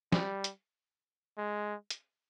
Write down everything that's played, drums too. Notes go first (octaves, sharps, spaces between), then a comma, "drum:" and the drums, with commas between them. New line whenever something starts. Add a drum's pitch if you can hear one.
G3, drum: snare
drum: hi-hat
G#3
drum: hi-hat